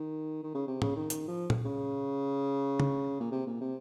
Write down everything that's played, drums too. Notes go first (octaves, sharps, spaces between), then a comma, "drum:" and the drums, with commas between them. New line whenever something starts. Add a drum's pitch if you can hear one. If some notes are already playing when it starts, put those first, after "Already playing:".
Already playing: D#3
D#3
C#3
C3
C#3, drum: tom
D#3
D#3, drum: hi-hat
F3
drum: tom A#2
C#3
drum: tom C#3
A#2
C3
A#2
C3